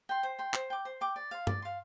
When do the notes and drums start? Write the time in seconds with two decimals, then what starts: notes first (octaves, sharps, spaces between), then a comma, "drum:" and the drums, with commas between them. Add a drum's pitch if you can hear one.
0.09 G5 C6
0.23 C5
0.39 G5 C6
0.54 C5, drum: clap
0.70 G5 D6
0.85 C5
1.01 G5 D6
1.16 D5
1.31 F5 C6
1.47 D5, drum: tom
1.62 F5 C6